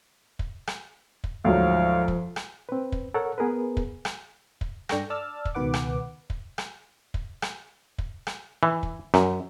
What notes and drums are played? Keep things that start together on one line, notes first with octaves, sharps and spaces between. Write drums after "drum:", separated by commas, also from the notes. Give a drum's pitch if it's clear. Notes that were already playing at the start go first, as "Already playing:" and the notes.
drum: kick
drum: rim click
drum: kick
D2 G#2 F3 F#3 F5
drum: kick
drum: rim click
C4 B4
drum: kick
A4 A#4 C#5 F#5
B3 G#4 A#4 B4
drum: kick
drum: rim click
drum: kick
G2 D4 A4 G5 C#6 A#6, drum: rim click
D5 A5 E6 F6 A6
drum: kick
C#2 B2 D#3 B4 F#5 D6
drum: rim click
drum: kick
drum: rim click
drum: kick
drum: rim click
drum: kick
drum: rim click
E3
drum: kick
F#2, drum: rim click